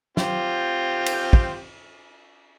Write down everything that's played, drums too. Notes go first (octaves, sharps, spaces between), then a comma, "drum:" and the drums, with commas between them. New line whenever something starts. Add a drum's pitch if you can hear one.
C4 F4 G4, drum: snare
drum: cymbal
drum: kick